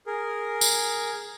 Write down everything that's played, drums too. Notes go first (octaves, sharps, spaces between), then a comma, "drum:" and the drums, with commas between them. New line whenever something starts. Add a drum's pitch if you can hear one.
G#4 A#4
drum: tambourine